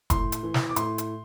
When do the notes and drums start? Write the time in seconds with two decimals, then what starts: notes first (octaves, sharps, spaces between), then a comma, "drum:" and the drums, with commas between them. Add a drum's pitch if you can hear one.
0.10 A2 C6, drum: kick, hi-hat
0.32 drum: hi-hat
0.43 E3
0.54 drum: snare
0.69 D6
0.76 A2 C6, drum: hi-hat
0.98 drum: hi-hat